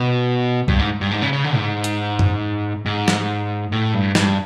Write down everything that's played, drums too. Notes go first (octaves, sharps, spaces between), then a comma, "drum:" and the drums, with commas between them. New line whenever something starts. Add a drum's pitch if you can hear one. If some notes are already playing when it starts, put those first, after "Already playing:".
Already playing: B2
G2, drum: kick C2
G#2
G2
G#2
C#3
C#3
D3
G#2
drum: hi-hat
drum: tom F#2
G#2
drum: snare
A2
G2
G2, drum: snare